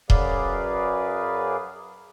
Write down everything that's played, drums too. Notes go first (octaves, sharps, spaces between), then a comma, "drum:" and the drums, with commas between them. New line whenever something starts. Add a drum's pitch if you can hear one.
F#2 F#3 G#4 B4 D5 F5, drum: kick D#1